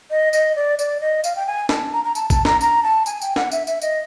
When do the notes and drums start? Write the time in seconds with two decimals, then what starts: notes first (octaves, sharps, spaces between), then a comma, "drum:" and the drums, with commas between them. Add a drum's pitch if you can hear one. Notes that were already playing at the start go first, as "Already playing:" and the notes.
0.10 D#5
0.33 D#5, drum: tambourine
0.56 D5
0.79 D5, drum: tambourine
1.01 D#5
1.24 F5, drum: tambourine
1.36 G5
1.47 G#5
1.69 A5, drum: snare D4
1.93 A#5
2.05 A#5
2.15 A5, drum: tambourine
2.30 A5, drum: kick A1, tambourine
2.45 A#5, drum: snare D4
2.61 A#5, drum: tambourine
2.83 A5
3.06 G#5, drum: tambourine
3.22 G5, drum: tambourine
3.36 F#5, drum: snare D4
3.52 E5, drum: tambourine
3.67 E5, drum: tambourine
3.82 D#5, drum: tambourine